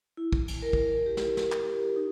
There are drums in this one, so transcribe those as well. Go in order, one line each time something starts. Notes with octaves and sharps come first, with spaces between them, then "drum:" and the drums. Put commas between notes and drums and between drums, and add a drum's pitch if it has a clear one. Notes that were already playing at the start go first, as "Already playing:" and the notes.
E4
drum: kick
drum: cymbal
A#4
drum: kick
G4
drum: snare
drum: snare
G4, drum: clap
D#4